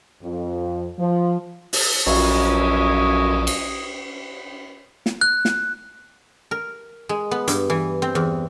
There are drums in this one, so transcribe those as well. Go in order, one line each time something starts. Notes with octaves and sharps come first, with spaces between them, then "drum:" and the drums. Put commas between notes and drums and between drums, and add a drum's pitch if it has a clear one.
F2
F3
drum: open hi-hat
A#1 F#2 E4 C#5 D#5, drum: cymbal
drum: cymbal
drum: snare
F#6
drum: snare
A#4
G#3
B3
G2, drum: hi-hat
E3
C4
E2